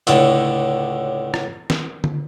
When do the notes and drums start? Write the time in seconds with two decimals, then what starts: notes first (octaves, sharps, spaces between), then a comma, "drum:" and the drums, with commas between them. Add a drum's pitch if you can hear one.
0.07 C#2 A2 D3, drum: hi-hat
1.34 drum: rim click
1.70 drum: snare
2.04 drum: tom D3